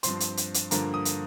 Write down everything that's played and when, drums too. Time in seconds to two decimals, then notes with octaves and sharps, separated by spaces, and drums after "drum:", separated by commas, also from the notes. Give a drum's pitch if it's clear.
0.03 G2 F3 C4 C6, drum: hi-hat
0.20 drum: hi-hat
0.37 drum: hi-hat
0.54 drum: hi-hat
0.71 G2 D3 F3 A#3 A#5, drum: hi-hat
0.94 D#6
1.05 drum: hi-hat